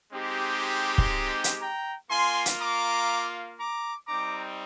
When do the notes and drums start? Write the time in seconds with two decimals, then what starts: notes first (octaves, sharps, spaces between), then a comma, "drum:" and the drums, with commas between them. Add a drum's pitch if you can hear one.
0.13 G#3 C4 D#4 G4
0.98 drum: kick
1.44 drum: hi-hat
1.60 G5 A#5
2.10 A#3 F4 G#5 C6
2.46 drum: hi-hat
2.60 A#5 D6
3.59 A#5 D6
4.08 G3 C4 D#4 A#5 D6